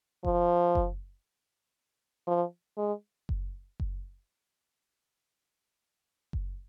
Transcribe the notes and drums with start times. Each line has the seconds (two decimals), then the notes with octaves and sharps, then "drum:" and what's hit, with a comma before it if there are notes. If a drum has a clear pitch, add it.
0.25 F3, drum: kick F#1
0.75 drum: kick F#1
2.27 F3
2.78 G#3
3.29 drum: kick F#1
3.80 drum: kick F#1
6.33 drum: kick F#1